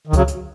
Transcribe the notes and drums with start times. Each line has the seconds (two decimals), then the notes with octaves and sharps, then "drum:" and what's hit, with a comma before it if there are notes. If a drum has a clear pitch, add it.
0.07 D#3
0.13 C#3 F#3, drum: kick C#2, hi-hat
0.28 drum: hi-hat